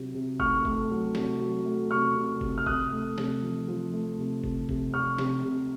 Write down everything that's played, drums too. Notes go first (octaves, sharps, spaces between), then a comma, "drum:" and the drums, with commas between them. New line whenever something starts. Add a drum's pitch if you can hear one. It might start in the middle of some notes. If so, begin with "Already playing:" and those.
Already playing: C3 F#3
C3
A3 C#6 F6, drum: kick F#1
A3, drum: kick F#1
F#3
C3, drum: snare
F#3
A3
C3 C#6 F6
C3
C3, drum: kick F#1
F6
C3 D#6 F#6, drum: kick F#1
A3
C3, drum: snare
F3
F3
A3
C3
C3, drum: kick F#1
C3, drum: kick F#1
C3 C#6 F6
C3, drum: snare
C3